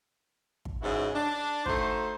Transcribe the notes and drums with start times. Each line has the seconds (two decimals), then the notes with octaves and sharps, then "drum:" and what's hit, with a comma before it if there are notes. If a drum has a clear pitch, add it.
0.65 drum: kick
0.82 G#2 C#3 E3 E4 F#4
1.14 D4
1.66 A3 D#4 F#4 C5, drum: kick